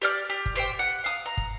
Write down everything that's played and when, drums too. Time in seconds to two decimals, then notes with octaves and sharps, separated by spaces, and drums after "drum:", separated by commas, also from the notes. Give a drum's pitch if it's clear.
0.02 G4 D5 F6
0.30 G4
0.46 drum: kick
0.56 G4 C5 F5 G5
0.79 F#5
1.04 F5 D#6
1.26 A#5
1.37 drum: kick